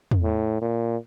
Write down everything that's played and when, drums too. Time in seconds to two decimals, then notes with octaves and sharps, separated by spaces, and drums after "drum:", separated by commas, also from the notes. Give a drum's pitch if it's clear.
0.11 drum: tom E2
0.23 A2
0.61 A#2